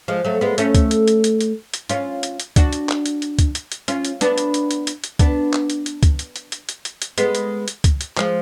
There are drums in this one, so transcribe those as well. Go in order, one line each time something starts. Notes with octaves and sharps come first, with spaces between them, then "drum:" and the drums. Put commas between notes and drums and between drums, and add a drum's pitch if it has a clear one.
F3 G#3
F#3 A3
G#3 B3
A3 C#4, drum: hi-hat
drum: kick C#2, hi-hat
drum: hi-hat
drum: hi-hat
drum: hi-hat
drum: hi-hat
drum: hi-hat
C#4 F4, drum: hi-hat
drum: hi-hat
drum: hi-hat
D4 F#4, drum: kick C#2, hi-hat
drum: hi-hat
drum: clap
drum: hi-hat
drum: hi-hat
drum: kick C#2, hi-hat
drum: hi-hat
drum: hi-hat
C#4 F4, drum: hi-hat
drum: hi-hat
B3 D4, drum: hi-hat
drum: hi-hat
drum: hi-hat
drum: hi-hat
drum: hi-hat
drum: hi-hat
B3 D4, drum: kick C#2, hi-hat
drum: clap
drum: hi-hat
drum: hi-hat
drum: kick C#2, hi-hat
drum: hi-hat
drum: hi-hat
drum: hi-hat
drum: hi-hat
drum: hi-hat
drum: hi-hat
G#3 B3, drum: hi-hat
drum: hi-hat
drum: hi-hat
drum: kick C#2, hi-hat
drum: hi-hat
F3 G#3, drum: clap